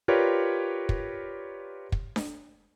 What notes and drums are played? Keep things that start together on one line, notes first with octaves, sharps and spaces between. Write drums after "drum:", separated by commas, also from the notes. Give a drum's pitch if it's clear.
F4 G4 A#4 B4 C#5 D5
drum: kick
drum: kick
drum: snare D4